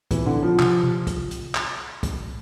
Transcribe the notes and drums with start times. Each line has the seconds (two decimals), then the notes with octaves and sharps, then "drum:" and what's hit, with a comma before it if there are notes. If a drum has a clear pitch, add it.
0.11 A#2 E3, drum: kick, hi-hat
0.26 D3
0.43 F3
0.59 C3, drum: clap
0.83 C3
1.07 drum: kick, hi-hat
1.31 drum: hi-hat
1.55 drum: clap
2.03 drum: kick, hi-hat